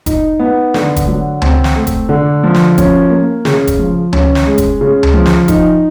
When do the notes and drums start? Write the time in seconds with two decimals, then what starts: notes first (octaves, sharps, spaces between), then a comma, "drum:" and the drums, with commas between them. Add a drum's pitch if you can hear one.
0.06 D#4, drum: kick F1, hi-hat
0.39 B3
0.74 D3, drum: snare
0.96 drum: kick F1, hi-hat
1.07 F#3
1.42 C4, drum: tom C#2
1.64 drum: snare
1.76 A3
1.87 drum: kick F1, hi-hat
2.09 D3
2.44 F3
2.54 drum: snare
2.78 C#4, drum: kick F1, hi-hat
3.10 A#3
3.45 C#3, drum: snare
3.67 drum: kick F1, hi-hat
3.79 F3
4.13 C#4, drum: tom C#2
4.35 drum: snare
4.47 G#3
4.58 drum: kick F1, hi-hat
4.81 C#3
5.03 drum: tom C#2
5.14 F3
5.25 drum: snare
5.48 D#4, drum: kick F1, hi-hat